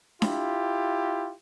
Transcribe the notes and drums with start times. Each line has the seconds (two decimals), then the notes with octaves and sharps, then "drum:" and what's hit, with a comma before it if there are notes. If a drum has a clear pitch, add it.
0.22 E4 F4 G4, drum: snare D4